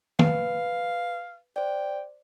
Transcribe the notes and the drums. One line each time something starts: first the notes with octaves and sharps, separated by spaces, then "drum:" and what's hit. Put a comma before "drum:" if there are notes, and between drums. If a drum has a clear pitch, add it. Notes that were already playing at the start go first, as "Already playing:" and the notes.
B4 F5, drum: tom
C5 D5 G5